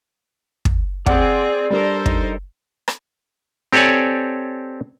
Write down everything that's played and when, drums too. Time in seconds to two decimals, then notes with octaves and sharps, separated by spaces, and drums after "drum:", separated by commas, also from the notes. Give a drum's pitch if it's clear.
0.65 drum: kick
1.06 C4 G#4 D5 F#5, drum: kick
1.70 G3 D4 A4 A#4 C5
2.06 D#4, drum: kick
2.88 drum: rim click
3.73 C4 G4 A4 C#5 D5 G#5